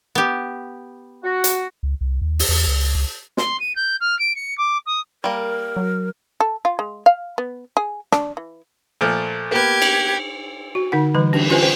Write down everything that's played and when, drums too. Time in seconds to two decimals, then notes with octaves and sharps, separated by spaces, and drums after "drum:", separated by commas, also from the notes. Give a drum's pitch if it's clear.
0.15 B3 G4
1.24 F#4
1.44 drum: hi-hat
1.83 C#2
2.01 C2
2.22 D#2
2.39 drum: open hi-hat
2.49 E2
2.67 C#2
2.95 C#2
3.37 C6, drum: snare
3.59 D#7
3.75 G6
4.00 F6
4.19 D7
4.35 C#7
4.57 D6
4.86 D#6
5.24 G3 A#3 A#4
5.77 F#3
6.40 A4
6.65 F4
6.79 G#3
7.06 F5
7.38 B3
7.77 G#4
8.12 D4, drum: rim click
8.37 E3
9.01 A#2 F3 A3
9.51 A#3 B3 G4 G#6
9.82 drum: cymbal
10.75 F#4
10.92 D3 D#4 F#5
11.14 D3 E3 G3 B4
11.33 D4, drum: cymbal
11.49 C#4 F4 B4 C5 G#5, drum: cymbal
11.63 C5 G5